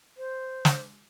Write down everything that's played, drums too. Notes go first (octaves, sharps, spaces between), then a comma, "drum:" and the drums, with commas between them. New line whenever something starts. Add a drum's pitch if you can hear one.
C5
drum: snare